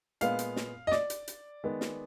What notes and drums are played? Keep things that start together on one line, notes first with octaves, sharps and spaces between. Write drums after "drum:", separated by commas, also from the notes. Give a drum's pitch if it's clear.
A#2 G#3 B3 F5, drum: hi-hat
drum: hi-hat
drum: snare
D#5
D5, drum: snare
drum: hi-hat
drum: hi-hat
D#3 G#3 B3
drum: snare